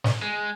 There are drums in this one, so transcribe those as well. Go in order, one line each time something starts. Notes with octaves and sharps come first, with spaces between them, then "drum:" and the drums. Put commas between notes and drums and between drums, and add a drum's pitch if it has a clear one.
drum: snare
G#3